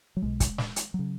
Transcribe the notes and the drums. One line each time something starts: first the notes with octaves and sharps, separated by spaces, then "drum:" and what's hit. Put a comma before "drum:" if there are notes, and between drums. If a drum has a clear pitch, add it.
F#3
B1 B2 G#3
drum: kick, hi-hat
drum: snare
drum: hi-hat
C#3 F#3